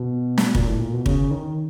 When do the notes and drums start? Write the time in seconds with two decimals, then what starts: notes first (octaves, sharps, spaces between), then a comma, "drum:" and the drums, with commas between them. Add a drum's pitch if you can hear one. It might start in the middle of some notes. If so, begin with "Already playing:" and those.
Already playing: B2
0.38 drum: snare
0.55 A#2, drum: kick
0.67 A2
0.80 A#2
0.93 B2
1.06 C#3, drum: kick
1.31 D#3